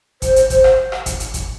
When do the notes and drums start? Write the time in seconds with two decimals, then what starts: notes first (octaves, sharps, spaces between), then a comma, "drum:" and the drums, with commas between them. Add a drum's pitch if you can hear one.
0.22 C5, drum: kick G1, hi-hat
0.36 drum: hi-hat
0.50 C5, drum: kick G1, hi-hat
0.64 drum: rim click
0.92 drum: rim click
1.06 drum: kick G1, hi-hat
1.20 drum: hi-hat
1.34 drum: kick G1, hi-hat